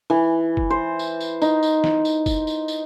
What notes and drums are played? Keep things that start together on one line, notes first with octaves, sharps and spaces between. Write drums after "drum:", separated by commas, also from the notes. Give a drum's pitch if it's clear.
E3
drum: kick G1
C5
drum: tambourine
drum: tambourine
D#4, drum: tambourine
drum: tambourine
drum: snare
drum: tambourine
drum: kick G1, tambourine
drum: tambourine
drum: tambourine